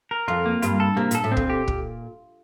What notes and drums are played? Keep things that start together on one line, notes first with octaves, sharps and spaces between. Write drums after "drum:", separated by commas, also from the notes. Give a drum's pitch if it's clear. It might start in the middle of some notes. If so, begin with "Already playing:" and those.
A#4
F2 F4
A#3
G2 F4, drum: hi-hat
A4
C3 A#3
A#2 A4, drum: hi-hat
A2
C4
A#2, drum: kick
G4
drum: kick